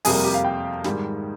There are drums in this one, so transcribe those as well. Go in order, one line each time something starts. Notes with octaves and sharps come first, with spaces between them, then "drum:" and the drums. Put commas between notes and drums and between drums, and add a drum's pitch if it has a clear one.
F2 C3 G3 A#3 G#4, drum: open hi-hat
A#4
G4
F5
G5
G#2 D#3 G3, drum: snare